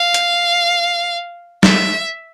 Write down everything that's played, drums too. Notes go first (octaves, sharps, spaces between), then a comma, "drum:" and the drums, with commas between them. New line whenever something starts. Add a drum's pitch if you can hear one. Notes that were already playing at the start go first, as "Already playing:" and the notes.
Already playing: F5
drum: hi-hat
E5, drum: snare